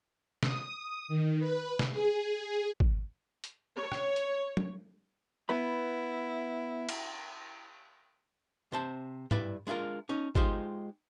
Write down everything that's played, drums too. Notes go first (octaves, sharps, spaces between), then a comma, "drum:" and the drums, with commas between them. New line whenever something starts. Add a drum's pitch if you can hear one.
D#6, drum: snare
D#3
B4
drum: snare
G#4
drum: kick
drum: hi-hat
C#5
drum: rim click
drum: hi-hat
drum: tom
B3 E4 B4 B5
drum: cymbal
C3 C5 A5
G2 E4 B4 D5, drum: tom
G#3 D4 E4 F4 A#4
C#4 D#4
G#3 D#4 F4 G4 C5, drum: kick